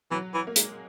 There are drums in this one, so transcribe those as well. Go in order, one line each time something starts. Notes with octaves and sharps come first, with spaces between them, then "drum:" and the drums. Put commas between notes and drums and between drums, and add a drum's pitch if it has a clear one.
E3 F#3
E3
A#3
G#3, drum: hi-hat